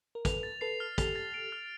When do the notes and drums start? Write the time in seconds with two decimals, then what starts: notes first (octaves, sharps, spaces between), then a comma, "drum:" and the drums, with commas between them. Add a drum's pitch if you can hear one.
0.15 A#4
0.25 A4 B4 F7, drum: kick, hi-hat
0.43 A6
0.61 A4 B4 C7
0.80 F6
0.98 G4 A4 F7, drum: kick, hi-hat
1.16 A6
1.34 D7
1.52 F6